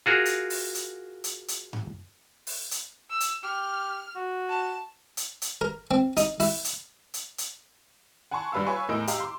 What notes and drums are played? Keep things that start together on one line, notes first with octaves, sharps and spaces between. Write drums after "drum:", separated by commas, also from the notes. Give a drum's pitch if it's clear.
F4 F#4 G#4 A#4
drum: hi-hat
drum: open hi-hat
drum: hi-hat
drum: hi-hat
drum: hi-hat
drum: tom G2
drum: open hi-hat
drum: hi-hat
E6
drum: hi-hat
G4 F6
F#4
A5
drum: hi-hat
drum: hi-hat
A#4
C4
D#4, drum: hi-hat
E4, drum: open hi-hat
drum: hi-hat
drum: hi-hat
drum: hi-hat
F#5 G#5 A5 C6 C#6
G2 G3 B4 F5 E6
F4 B4 C#5 G#5 C#6
E2 A2 A#4 D#5 E6 D7
G4 D#5 F5 A#5, drum: hi-hat
C6 D6